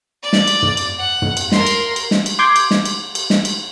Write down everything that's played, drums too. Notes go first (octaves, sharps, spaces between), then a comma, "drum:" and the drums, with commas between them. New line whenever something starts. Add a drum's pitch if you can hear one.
D5
drum: snare
drum: cymbal
drum: tom
drum: cymbal
F#5
drum: tom
drum: cymbal
A#4 C6, drum: snare
drum: cymbal
drum: cymbal
drum: snare
drum: cymbal
C6 D6 G6 G#6
drum: cymbal
drum: snare
drum: cymbal
drum: cymbal
drum: snare
drum: cymbal